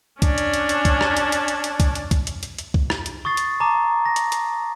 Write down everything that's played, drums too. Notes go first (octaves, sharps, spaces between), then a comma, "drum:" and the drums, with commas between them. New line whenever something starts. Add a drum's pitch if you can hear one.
C#4 D4, drum: kick C2, hi-hat
drum: hi-hat
drum: hi-hat
drum: hi-hat
drum: kick C2, hi-hat
drum: rim click
drum: hi-hat
drum: hi-hat
drum: hi-hat
drum: hi-hat
drum: kick C2, hi-hat
drum: hi-hat
drum: kick C2, hi-hat
drum: hi-hat
drum: hi-hat
drum: hi-hat
drum: kick C2
drum: rim click
drum: hi-hat
C#6 D#6 A6 C7
drum: hi-hat
A5 A#5 D6
A#6
drum: hi-hat
drum: hi-hat